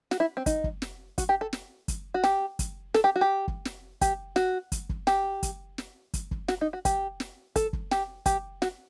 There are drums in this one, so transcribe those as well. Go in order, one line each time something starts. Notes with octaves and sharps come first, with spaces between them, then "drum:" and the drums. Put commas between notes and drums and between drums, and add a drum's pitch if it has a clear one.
F#4, drum: snare
E4
C4
D#4, drum: kick, hi-hat
drum: kick
drum: snare
F#4, drum: kick, hi-hat
G4
A4
drum: snare
drum: kick, hi-hat
F#4
G4, drum: snare
drum: kick, hi-hat
A4, drum: snare
G4
F#4
G4
drum: kick
drum: snare
G4, drum: kick, hi-hat
F#4, drum: snare
drum: kick, hi-hat
drum: kick
G4, drum: snare
drum: kick, hi-hat
drum: snare
drum: kick, hi-hat
drum: kick
F#4, drum: snare
D#4
F#4
G4, drum: kick, hi-hat
drum: snare
A4, drum: kick, hi-hat
drum: kick
G4, drum: snare
G4, drum: kick, hi-hat
F#4, drum: snare